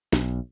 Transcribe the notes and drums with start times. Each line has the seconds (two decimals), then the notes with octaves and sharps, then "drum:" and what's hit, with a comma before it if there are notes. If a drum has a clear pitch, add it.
0.12 B1, drum: snare